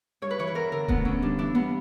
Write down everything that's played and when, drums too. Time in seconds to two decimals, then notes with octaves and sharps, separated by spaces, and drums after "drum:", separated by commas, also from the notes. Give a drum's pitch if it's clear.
0.22 G2 C#5
0.31 B4
0.39 E3 C#5
0.47 B4
0.55 E2 A#4
0.72 D3 A#4
0.88 D2 B3, drum: kick D#1
1.05 D3 C#4
1.22 G2 D4
1.38 E3 D4
1.55 G2 B3